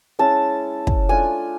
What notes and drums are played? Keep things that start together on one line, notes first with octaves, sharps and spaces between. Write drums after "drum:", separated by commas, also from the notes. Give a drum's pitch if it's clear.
G#3 C#4 E4 A5
drum: kick
A3 D4 F4 G#5